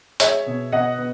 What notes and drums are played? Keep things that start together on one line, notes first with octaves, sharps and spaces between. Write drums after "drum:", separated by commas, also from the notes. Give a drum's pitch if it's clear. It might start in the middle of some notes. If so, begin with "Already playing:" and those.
G#3 C#5 E5, drum: hi-hat
B2
B2 D#5 F#5
B3